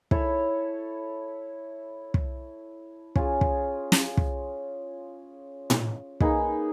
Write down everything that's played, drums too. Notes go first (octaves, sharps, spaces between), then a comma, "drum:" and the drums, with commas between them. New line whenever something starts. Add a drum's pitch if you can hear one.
E4 A4 C#5, drum: kick
drum: kick
C#4 F4 G#4, drum: kick
drum: kick
drum: snare
drum: kick
drum: tom A2
A#3 D#4 G#4 B4, drum: kick